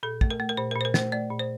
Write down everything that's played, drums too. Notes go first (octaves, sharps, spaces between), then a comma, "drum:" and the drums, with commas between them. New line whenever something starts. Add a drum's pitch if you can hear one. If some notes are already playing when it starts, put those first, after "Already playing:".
A#2 A4
A3, drum: kick
A#4
A3
A#4
A#2 C5
A#4
A#2
C5
A#4
A3 C5, drum: snare
A3 D5
A#2
C5